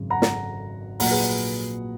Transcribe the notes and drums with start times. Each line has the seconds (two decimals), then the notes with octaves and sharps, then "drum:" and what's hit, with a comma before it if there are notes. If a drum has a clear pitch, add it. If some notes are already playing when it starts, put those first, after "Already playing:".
Already playing: G#1 F#2 C#3
0.10 F#5 A#5
0.22 drum: snare
1.00 A#1 A#2 F#3 F#5 A#5, drum: open hi-hat
1.11 G#4 B4